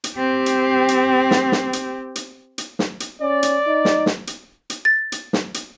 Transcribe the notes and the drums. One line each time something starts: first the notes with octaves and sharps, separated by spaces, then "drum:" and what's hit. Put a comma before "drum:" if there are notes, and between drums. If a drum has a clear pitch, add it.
drum: hi-hat
C4 G4
drum: hi-hat
drum: hi-hat
drum: snare
drum: snare
drum: hi-hat
drum: hi-hat
drum: hi-hat
drum: snare
drum: hi-hat
C#4 D5
drum: hi-hat
D#4
drum: snare
drum: snare
drum: hi-hat
drum: hi-hat
A6
drum: hi-hat
drum: snare
drum: hi-hat